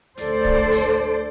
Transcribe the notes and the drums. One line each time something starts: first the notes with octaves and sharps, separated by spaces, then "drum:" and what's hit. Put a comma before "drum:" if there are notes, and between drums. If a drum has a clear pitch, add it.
D2 A4 C5 D5, drum: hi-hat
drum: kick
drum: open hi-hat